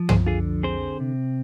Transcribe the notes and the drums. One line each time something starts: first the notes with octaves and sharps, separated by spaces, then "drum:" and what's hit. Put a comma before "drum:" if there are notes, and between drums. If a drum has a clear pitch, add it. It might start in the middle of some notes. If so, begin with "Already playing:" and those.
Already playing: F3
G#4 C5, drum: tom
D3 F4 G#4
C4 G#4 C5
C3